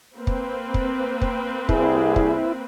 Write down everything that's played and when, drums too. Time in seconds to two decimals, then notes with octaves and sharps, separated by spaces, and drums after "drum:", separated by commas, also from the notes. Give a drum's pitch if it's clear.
0.17 A#3 C4 B4
0.27 drum: kick
0.74 drum: kick
1.22 drum: kick
1.69 C2 E4 G#4, drum: kick
2.16 drum: kick